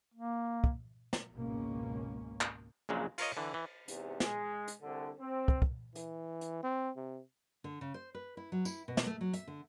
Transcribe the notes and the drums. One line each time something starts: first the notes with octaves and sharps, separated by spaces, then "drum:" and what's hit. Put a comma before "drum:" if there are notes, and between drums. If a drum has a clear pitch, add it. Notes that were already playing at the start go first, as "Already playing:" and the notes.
A#3
drum: kick
drum: snare
G#1 C#2 B2 A#3 C#4
drum: clap
A#1 A#2 C#3 F#3 G#3
F4 A#4 C#5 D#5, drum: cymbal
D3 E3
E3
E2 G#2 C3, drum: hi-hat
G#3, drum: snare
drum: hi-hat
C2 D3
C4
drum: kick
drum: kick
E3, drum: hi-hat
drum: hi-hat
C4
C3
D3
C#3
C5
B4
E4
F#3
E4, drum: tambourine
B2
drum: snare
A3
F#3
E5, drum: hi-hat
D3